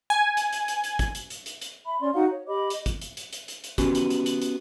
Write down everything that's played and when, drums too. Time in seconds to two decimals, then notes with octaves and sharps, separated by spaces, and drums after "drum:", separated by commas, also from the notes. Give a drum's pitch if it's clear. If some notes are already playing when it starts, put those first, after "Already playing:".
0.10 G#5
0.37 drum: hi-hat
0.53 drum: hi-hat
0.68 drum: hi-hat
0.84 drum: hi-hat
0.99 drum: kick, hi-hat
1.15 drum: hi-hat
1.30 drum: hi-hat
1.46 drum: hi-hat
1.61 drum: hi-hat
1.87 E5 B5
2.01 C#4 D5 C6
2.14 D#4 F#4 F5 F#5
2.31 C#5
2.47 G4 D#5 B5 D6
2.70 D#5, drum: hi-hat
2.86 drum: kick, hi-hat
3.01 drum: hi-hat
3.17 drum: hi-hat
3.33 drum: hi-hat
3.48 drum: hi-hat
3.64 drum: hi-hat
3.78 B3 C#4 F#4 G4, drum: kick, hi-hat
3.95 drum: hi-hat
4.10 drum: hi-hat
4.26 drum: hi-hat
4.42 drum: hi-hat